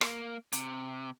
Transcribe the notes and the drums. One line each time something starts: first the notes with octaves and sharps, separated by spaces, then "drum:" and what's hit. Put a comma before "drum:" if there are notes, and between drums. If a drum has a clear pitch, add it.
A#3, drum: rim click
C3, drum: hi-hat